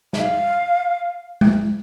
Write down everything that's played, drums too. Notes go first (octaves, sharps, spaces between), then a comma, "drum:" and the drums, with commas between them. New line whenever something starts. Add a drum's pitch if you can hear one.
E5, drum: snare
F5
drum: tom G#3